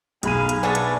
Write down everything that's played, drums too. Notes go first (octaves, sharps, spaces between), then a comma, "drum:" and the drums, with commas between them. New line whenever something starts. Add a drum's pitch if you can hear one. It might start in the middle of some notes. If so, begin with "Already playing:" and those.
B1 G#4 F5 B5 D#7, drum: hi-hat
drum: hi-hat
B3 D4 G#4 E5 A5 C#6
drum: hi-hat